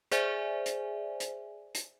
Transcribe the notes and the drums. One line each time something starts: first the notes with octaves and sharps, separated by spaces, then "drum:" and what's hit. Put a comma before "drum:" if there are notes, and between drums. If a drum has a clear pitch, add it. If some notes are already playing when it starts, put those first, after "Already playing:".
G#4 C5 D5 E5 G#5, drum: hi-hat
drum: hi-hat
drum: hi-hat
drum: hi-hat